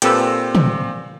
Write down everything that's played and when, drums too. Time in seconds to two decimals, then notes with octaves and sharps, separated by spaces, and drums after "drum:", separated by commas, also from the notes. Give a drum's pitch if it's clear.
0.02 A#2 C4 G4 A4 B4 E6, drum: hi-hat
0.55 drum: tom